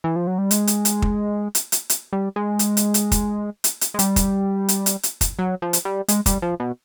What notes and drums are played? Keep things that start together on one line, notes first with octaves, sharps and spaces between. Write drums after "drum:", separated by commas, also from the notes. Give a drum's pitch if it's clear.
E3
F3
F#3
G3
G#3, drum: hi-hat
drum: hi-hat
drum: hi-hat
drum: kick
drum: hi-hat
drum: hi-hat
drum: hi-hat
G3
G#3
drum: hi-hat
drum: hi-hat
drum: hi-hat
drum: kick, hi-hat
drum: hi-hat
drum: hi-hat
G#3
G3, drum: hi-hat
drum: kick, hi-hat
drum: hi-hat
drum: hi-hat
drum: hi-hat
drum: kick, hi-hat
F#3
F3
drum: hi-hat
G3
G#3, drum: hi-hat
G3, drum: kick, hi-hat
F3
B2